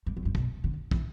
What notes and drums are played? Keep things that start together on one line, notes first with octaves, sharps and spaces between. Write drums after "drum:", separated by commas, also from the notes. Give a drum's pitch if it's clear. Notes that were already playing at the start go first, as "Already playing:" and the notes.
G2
F#2
G2
B2, drum: kick
D3
E3, drum: kick